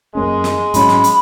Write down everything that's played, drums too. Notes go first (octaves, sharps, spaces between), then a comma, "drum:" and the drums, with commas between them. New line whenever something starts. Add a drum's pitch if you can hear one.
F#2 G#3 A#3 C#4
drum: snare
G#2 F#3 C#4 B5, drum: hi-hat
drum: snare
drum: hi-hat